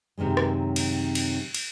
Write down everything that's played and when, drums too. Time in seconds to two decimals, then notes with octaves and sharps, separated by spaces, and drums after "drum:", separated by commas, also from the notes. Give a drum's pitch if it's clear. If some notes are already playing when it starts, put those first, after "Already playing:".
0.17 F#2 C3 D#3 F#3 G#3
0.37 drum: rim click
0.76 drum: cymbal
1.15 drum: cymbal
1.54 drum: cymbal